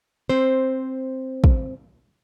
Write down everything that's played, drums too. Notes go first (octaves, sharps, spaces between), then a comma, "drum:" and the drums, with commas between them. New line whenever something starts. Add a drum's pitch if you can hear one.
C4 C5
drum: kick